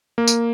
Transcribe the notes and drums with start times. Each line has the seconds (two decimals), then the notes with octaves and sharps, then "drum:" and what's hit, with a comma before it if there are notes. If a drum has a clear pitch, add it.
0.18 A#3
0.28 drum: tambourine